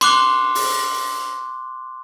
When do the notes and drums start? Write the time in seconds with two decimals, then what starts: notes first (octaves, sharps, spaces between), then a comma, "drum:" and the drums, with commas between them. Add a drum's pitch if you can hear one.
0.01 C6 D6 F#6 G7, drum: cymbal
0.55 drum: open hi-hat